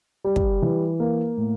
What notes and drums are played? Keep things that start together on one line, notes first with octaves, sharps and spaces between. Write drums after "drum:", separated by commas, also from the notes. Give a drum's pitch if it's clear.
G3
drum: kick
E3
A#3
A2